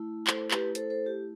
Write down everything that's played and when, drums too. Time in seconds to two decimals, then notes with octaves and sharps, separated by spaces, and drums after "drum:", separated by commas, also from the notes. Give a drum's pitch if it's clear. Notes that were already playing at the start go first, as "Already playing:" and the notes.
Already playing: A3 E4
0.27 A4 C5, drum: clap
0.51 G4 B4, drum: clap
0.75 A4 C5, drum: hi-hat
0.90 A4 C5
1.06 G4